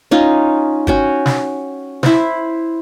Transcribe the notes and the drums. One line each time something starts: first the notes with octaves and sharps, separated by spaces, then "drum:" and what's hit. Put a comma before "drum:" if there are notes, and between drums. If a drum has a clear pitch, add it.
C#4 D#4 F4
C#4 F#4 G5, drum: kick
drum: snare
E4 C5, drum: snare